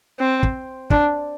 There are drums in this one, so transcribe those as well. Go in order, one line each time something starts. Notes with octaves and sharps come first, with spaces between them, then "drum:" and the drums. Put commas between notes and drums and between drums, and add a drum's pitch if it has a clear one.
C4
drum: kick
D4, drum: kick